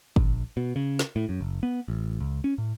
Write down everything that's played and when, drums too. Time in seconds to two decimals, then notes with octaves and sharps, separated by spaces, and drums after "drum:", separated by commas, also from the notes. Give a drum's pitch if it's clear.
0.16 A#1, drum: kick G1
0.57 B2
0.76 C#3
0.99 drum: snare
1.16 A2
1.29 F#2
1.41 F#1
1.63 B3
1.88 A1
2.21 C#2
2.44 C#4
2.58 A2